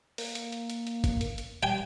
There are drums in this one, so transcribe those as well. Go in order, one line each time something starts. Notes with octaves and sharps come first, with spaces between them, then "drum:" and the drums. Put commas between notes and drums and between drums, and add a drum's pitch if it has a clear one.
A#3, drum: open hi-hat
drum: hi-hat
drum: hi-hat
drum: hi-hat
drum: hi-hat
drum: kick, hi-hat
drum: hi-hat
drum: hi-hat
G3 G5 G#5